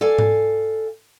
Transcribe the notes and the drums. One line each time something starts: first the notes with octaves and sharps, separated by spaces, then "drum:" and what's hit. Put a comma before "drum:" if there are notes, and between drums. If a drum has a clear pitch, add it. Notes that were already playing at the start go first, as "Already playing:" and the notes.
A4 D5 F5 G#5
drum: tom G#2